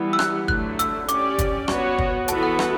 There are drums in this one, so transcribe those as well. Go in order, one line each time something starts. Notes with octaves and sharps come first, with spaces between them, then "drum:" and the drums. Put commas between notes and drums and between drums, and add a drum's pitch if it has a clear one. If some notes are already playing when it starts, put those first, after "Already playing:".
Already playing: E3 G3 B3
E6
F#6, drum: rim click
D3 F#3 A3 F#6, drum: kick
E6, drum: hi-hat
C#4 G4 D5 D6, drum: hi-hat
drum: kick, hi-hat
B3 F#4 C#5 C#6, drum: rim click
drum: kick
E3 B3 F#4 A4 A5, drum: hi-hat
F#5
E5, drum: rim click